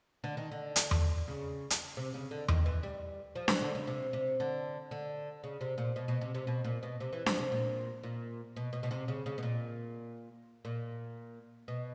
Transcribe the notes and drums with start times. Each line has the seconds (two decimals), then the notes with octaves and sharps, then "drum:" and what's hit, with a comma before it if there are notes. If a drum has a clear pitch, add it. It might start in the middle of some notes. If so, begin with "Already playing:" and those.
0.24 D3
0.37 D#3
0.51 D3
0.76 drum: hi-hat
0.91 drum: tom E2
1.28 C#3
1.70 drum: hi-hat
1.97 C3
2.14 C#3
2.31 D3
2.48 D#3, drum: tom E2
2.66 E3
2.83 G3
3.35 F3
3.48 E3, drum: snare D4
3.61 D3
3.75 C#3
3.87 C3
4.13 C3
4.40 D3
4.91 D3
5.44 C#3
5.61 C3
5.78 A#2
5.96 B2
6.08 B2
6.21 C3
6.35 C3
6.47 B2
6.64 A#2
6.83 B2
7.00 C3
7.13 E3
7.26 F3, drum: snare D4
7.39 C3
7.52 A#2
8.03 A#2
8.56 B2
8.73 B2
8.83 B2
8.91 C3
9.08 C#3
9.26 C#3
9.38 B2
9.43 A#2
10.65 A#2
11.68 B2